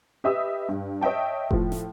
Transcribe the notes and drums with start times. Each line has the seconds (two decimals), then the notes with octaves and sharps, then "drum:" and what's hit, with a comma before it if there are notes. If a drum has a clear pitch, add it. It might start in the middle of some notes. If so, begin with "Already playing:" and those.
0.24 G4 B4 D#5 E5 D#6 E6
0.69 G2
1.01 C#5 D#5 E5 G5 A5
1.51 A2 F3, drum: kick F1
1.72 drum: snare